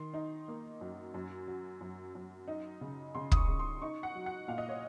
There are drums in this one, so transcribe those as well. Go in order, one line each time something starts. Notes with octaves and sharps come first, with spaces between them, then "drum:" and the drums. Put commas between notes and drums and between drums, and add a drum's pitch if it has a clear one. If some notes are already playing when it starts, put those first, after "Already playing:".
Already playing: D#3 C6
D#4
A#3
F#2
F#2
F#3
F#2
F#2
D#4
C#3
C#3 C6
D#6, drum: kick
C#6
C#3
C6
D#4 C#6
F#5
F#3
F#5
A#2 F5
D#5
C#5